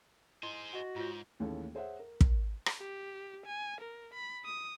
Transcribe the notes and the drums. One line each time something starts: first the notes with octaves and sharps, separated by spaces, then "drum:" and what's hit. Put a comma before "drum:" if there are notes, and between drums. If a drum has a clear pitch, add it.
E4 G#4 C5 D#5 C6
F#4 D#5 F#5
G#2 F4 C#5
A1 D#2 E3 C#4 G#4 A4
G#4 C5 C#5 E5 F#5
A#4
drum: kick
drum: rim click
G4
G#5
A#4
B5
D#6